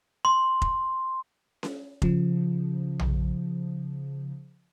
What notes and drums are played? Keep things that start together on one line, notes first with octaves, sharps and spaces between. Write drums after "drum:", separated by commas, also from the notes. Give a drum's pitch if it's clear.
C6
drum: kick F1
drum: snare C#4
C#3 F3, drum: kick F1
drum: tom A#1